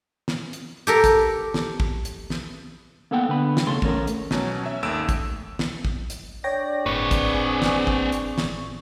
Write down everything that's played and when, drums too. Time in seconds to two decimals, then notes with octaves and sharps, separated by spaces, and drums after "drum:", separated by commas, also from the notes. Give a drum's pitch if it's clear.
0.28 drum: snare
0.53 drum: hi-hat
0.87 G4 A4 A#4
1.04 drum: kick, hi-hat
1.54 drum: snare
1.80 drum: kick
2.05 drum: hi-hat
2.30 drum: snare
3.11 A#3 B3 A4 F#5 G5
3.29 D3 B3 B5
3.57 drum: snare
3.67 D#2 C#3 A3 A4 C6
3.82 E2 A3 C#4 A#4, drum: kick
4.07 drum: hi-hat
4.31 B2 F#3 C#4, drum: snare
4.63 C#4 E5
4.83 G#1 D#2 A3 E6 D7 E7
5.09 drum: kick, hi-hat
5.59 drum: snare
5.85 drum: kick
6.10 drum: hi-hat
6.44 D4 C#5 D5 G5 A#6
6.86 G1 A2 C4 G#4 B4 C#6
7.11 drum: kick, hi-hat
7.62 drum: snare
7.87 drum: kick
8.12 drum: hi-hat
8.38 drum: snare